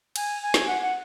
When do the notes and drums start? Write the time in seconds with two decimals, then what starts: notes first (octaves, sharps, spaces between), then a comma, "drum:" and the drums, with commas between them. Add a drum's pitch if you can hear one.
0.16 G#5, drum: cymbal
0.42 G#5
0.54 drum: snare
0.67 F#5
0.81 F#5